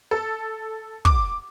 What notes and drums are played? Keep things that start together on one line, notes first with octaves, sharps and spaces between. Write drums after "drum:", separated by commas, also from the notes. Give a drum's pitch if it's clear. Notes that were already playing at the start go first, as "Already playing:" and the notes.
A4
D6, drum: kick